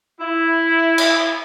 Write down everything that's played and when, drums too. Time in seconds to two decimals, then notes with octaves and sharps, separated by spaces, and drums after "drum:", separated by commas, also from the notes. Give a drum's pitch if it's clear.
0.20 E4
0.98 drum: cymbal